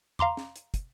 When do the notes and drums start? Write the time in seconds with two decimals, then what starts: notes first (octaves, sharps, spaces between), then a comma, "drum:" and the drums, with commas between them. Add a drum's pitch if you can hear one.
0.19 F5 A#5 C6 D6, drum: tom E2
0.37 drum: snare
0.56 drum: hi-hat
0.74 drum: kick, hi-hat